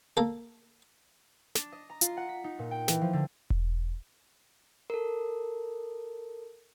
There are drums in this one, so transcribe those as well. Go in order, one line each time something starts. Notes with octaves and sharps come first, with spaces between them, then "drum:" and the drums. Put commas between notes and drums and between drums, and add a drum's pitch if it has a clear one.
A#3 A4
D4, drum: snare
D#5
A#5
F4, drum: hi-hat
F#5
B6
D#4
A#2
G5
E3, drum: snare
F3
D3
drum: kick E1
A4 A#4